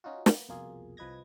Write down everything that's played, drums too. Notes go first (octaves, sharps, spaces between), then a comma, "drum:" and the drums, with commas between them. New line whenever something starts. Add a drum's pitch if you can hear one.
C#4 D#4 F4 F#4
A#3 B3, drum: snare
C2 F2 B2 A#3 F4 G#4
C2 F3 B4 D#5 G#6 A#6